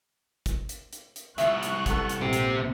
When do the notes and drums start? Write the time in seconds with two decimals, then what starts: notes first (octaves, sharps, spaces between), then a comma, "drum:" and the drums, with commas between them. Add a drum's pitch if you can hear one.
0.46 drum: kick, hi-hat
0.69 drum: hi-hat
0.93 drum: hi-hat
1.16 drum: hi-hat
1.38 C2 B2 F3 E5 C#6 F#6, drum: hi-hat
1.63 drum: hi-hat
1.86 B3 A4, drum: kick, hi-hat
2.09 drum: hi-hat
2.21 A#1 G#2 C3 G4
2.33 drum: hi-hat